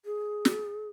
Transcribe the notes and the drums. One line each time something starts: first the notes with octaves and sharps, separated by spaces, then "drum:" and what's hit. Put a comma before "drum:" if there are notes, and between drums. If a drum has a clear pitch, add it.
G#4
drum: snare